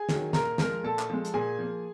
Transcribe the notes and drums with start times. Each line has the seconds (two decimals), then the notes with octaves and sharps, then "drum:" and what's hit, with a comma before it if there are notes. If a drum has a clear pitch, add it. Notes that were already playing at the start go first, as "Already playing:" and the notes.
Already playing: G#4 G#5
0.09 D#3 F#3, drum: snare
0.33 A#2 A#4 A#5, drum: snare
0.58 F3 G#3 A#4 A#5, drum: snare
0.83 A#2 A4 A5
0.99 drum: clap
1.10 F3 G#3
1.25 drum: hi-hat
1.34 A#2 G#4 G#5
1.58 F3 A#3